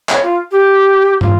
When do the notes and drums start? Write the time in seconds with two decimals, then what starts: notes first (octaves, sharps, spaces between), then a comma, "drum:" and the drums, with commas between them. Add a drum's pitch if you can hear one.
0.09 C#5, drum: clap
0.23 F4
0.51 G4
1.21 F4, drum: tom